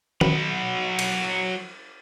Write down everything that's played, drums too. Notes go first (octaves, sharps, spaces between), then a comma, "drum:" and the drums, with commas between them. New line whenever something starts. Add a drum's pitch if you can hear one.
F#3 B5, drum: tom D#3
drum: cymbal